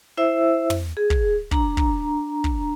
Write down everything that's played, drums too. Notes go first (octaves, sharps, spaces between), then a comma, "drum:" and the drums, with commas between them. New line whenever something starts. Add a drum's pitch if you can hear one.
E4 C5 E5 E6
drum: tom
G#4
drum: kick
D4 A#5, drum: kick
drum: kick
drum: kick